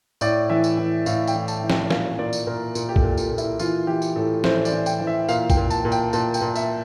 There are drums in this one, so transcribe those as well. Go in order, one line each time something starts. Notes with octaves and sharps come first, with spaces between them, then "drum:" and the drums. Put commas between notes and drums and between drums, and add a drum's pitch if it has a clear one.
A2 D5, drum: tambourine
E3 E5
drum: tambourine
E3
A2 F5, drum: tambourine
G5, drum: tambourine
E3
A5, drum: tambourine
E3
G5, drum: snare
A#2 F5, drum: snare
A#2 D5
drum: tambourine
A#2 A#4
A#2, drum: tambourine
G4
A4, drum: kick
A#2
F4, drum: tambourine
A#2
E4, drum: tambourine
E3 F4, drum: tambourine
E3 G4
drum: tambourine
A2 A4
E3 C5, drum: snare
D5, drum: tambourine
E3
G5, drum: tambourine
E3
E5
A#2 F5, drum: tambourine
G5, drum: kick, tambourine
A#2
A5, drum: tambourine
A#2
G5, drum: tambourine
A#2 A5, drum: tambourine
G5, drum: tambourine
A#2
E5, drum: tambourine